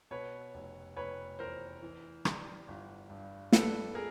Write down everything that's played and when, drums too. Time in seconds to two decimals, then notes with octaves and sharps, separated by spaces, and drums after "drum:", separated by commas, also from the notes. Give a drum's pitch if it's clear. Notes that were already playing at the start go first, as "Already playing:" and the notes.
0.11 B2 B4 C#5
0.54 F1
0.96 F1 B4 C#5
1.39 E2 A#4 C5
1.82 E3
2.25 G3, drum: rim click
2.68 G1
3.10 G2
3.52 G3 A4 B4, drum: snare
3.95 G#4 A#4